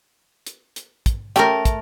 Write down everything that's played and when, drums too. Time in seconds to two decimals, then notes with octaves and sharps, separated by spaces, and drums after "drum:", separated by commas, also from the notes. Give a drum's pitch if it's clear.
0.47 drum: hi-hat
0.76 drum: hi-hat
1.06 drum: kick, hi-hat
1.36 A3 C#4 G4 A#4 G5, drum: hi-hat
1.65 drum: kick, hi-hat